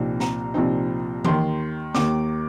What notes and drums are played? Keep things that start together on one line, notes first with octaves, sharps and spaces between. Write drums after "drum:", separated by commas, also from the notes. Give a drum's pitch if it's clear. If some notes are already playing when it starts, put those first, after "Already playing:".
Already playing: C2 A#2 F3 C4 D#4
A#5, drum: snare
C2 A#2 F3 C4 D#4
D#2 D#3 A#3 C6, drum: tom E3
D#2 D#3 A#3 D6, drum: snare